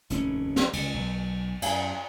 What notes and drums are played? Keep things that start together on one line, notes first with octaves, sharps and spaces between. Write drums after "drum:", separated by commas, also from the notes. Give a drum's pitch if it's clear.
F1 D#2 A2 C#4, drum: hi-hat
drum: snare
C#2, drum: cymbal
B1
F#2, drum: cymbal